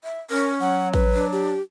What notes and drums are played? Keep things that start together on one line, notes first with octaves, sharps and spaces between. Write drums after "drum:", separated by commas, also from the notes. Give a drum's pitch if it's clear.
E5
C#4 A#4
F#3 F#5
B4, drum: kick A1
D4
G4